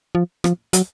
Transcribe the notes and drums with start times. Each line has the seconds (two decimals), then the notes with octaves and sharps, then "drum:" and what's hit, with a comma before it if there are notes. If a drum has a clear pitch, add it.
0.15 F3
0.44 F3, drum: rim click
0.73 F#3, drum: hi-hat